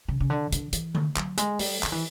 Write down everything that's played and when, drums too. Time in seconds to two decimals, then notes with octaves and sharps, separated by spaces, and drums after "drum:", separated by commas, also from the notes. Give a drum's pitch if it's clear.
0.08 C#3
0.20 C#3
0.30 D3
0.52 D3, drum: hi-hat
0.73 E3, drum: hi-hat
0.95 drum: tom D3
1.16 F#3, drum: clap
1.37 G#3, drum: hi-hat
1.59 G3, drum: open hi-hat
1.83 D#3, drum: clap
1.92 E3